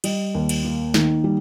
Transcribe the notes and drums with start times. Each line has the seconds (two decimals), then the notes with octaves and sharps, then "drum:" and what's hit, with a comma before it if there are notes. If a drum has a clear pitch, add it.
0.04 G3 D#5, drum: cymbal
0.35 D#2
0.49 drum: cymbal
0.64 A#3
0.94 D#3, drum: snare
1.24 G3